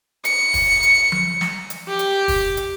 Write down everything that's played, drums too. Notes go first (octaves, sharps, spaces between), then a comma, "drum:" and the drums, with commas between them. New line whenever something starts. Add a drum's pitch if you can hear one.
C#7, drum: hi-hat
drum: kick, open hi-hat
drum: hi-hat
drum: tom F3
drum: snare
drum: hi-hat
G4
drum: hi-hat
drum: kick, open hi-hat
drum: hi-hat